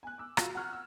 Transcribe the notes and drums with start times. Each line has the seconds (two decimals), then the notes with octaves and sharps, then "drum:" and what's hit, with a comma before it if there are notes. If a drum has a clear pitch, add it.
0.03 G#5 F#6
0.18 D6 E6
0.37 F4 F#4 F5, drum: rim click
0.55 F#5 A#5 C#6 F6 F#6 G#6
0.73 E6